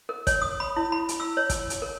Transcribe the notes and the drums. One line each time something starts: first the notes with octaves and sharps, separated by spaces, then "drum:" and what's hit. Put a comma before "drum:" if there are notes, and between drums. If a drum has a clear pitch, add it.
A#4
C#5, drum: kick, hi-hat
D#6
B5
E4
B5
drum: hi-hat
E6
C#5
drum: kick, hi-hat
drum: hi-hat
A#4